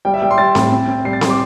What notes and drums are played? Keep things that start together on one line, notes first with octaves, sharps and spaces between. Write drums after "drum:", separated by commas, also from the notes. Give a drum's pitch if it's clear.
G3 G5
E5
G3 G5
C6
G3 A6
A2, drum: snare C4
C4
C4
G3 C7
A6
C6, drum: snare C4
D6